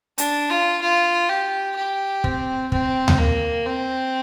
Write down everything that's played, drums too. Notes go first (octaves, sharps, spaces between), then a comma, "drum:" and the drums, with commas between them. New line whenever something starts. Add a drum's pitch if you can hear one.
D4, drum: hi-hat
F4
F4
G4
G4
C4, drum: kick
C4, drum: kick
drum: tom D2
A#3
C4